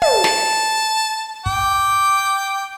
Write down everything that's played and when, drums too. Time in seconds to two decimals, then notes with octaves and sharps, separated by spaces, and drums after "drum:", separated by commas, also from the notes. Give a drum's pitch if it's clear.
0.02 A5, drum: tom
0.24 drum: snare
1.46 G5 D6, drum: kick